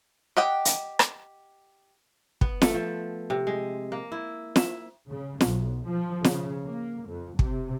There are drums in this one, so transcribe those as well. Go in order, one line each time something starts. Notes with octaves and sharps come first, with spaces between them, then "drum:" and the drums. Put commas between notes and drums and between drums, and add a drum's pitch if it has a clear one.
G4 D#5 F#5 G5
drum: hi-hat
drum: rim click
B3, drum: kick
A3, drum: snare
F3
C3
G#3
A#3
E4
E5, drum: snare
C#3
B1, drum: snare
F3
C#3, drum: snare
A#3
F2
C3, drum: kick